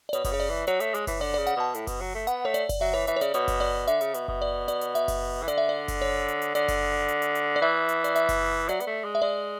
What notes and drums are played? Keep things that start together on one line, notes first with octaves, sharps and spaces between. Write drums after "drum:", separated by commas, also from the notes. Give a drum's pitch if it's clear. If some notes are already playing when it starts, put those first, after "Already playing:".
D5
B2 C#5, drum: hi-hat
B2, drum: kick F#1, open hi-hat
C#3 C#5
D5
E3
F#3 C#5, drum: hi-hat
A3, drum: hi-hat
G#3, drum: hi-hat
E3, drum: kick F#1, open hi-hat
D3 D5
C#3 D5
F#5, drum: hi-hat
B2 A5
A2, drum: hi-hat
B2, drum: kick F#1, open hi-hat
F#3
A3
B3 F#5, drum: hi-hat
A3 C#5
D5, drum: hi-hat
D5, drum: kick F#1, open hi-hat
F#3 E5
E3 C#5
E3 E5, drum: hi-hat
C#5
C#3 D5, drum: hi-hat
B2 C#5, drum: hi-hat
drum: kick F#1, open hi-hat
D5
D3 E5, drum: hi-hat
C#3, drum: hi-hat
B2, drum: hi-hat
B2, drum: kick F#1
D5
D5, drum: hi-hat
drum: hi-hat
E5, drum: hi-hat
drum: kick F#1, open hi-hat
E3
D3 D5, drum: hi-hat
E5
D5
drum: kick F#1, open hi-hat
C#5
drum: hi-hat
drum: hi-hat
D3 D5, drum: hi-hat
drum: kick F#1, open hi-hat
drum: hi-hat
drum: hi-hat
drum: hi-hat
D5
E3 E5
drum: hi-hat
D5, drum: hi-hat
E5, drum: hi-hat
drum: kick F#1, open hi-hat
F#3 D5, drum: hi-hat
B3, drum: hi-hat
A3
G#3
E5
G#3 D5